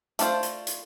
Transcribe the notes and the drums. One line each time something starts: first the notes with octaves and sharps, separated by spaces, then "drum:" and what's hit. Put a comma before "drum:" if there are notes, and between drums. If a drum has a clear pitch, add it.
A3 D4 F4 C5, drum: hi-hat
drum: hi-hat
drum: hi-hat